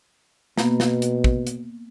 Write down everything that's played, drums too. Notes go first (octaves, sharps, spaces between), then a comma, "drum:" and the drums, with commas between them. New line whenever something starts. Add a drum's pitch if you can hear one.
B2 A#3 B3, drum: snare
drum: snare
drum: hi-hat
drum: kick
drum: hi-hat